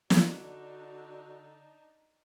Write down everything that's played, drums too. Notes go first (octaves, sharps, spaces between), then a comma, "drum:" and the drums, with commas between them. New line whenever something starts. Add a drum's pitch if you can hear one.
D3 D4 D#4 F#4, drum: snare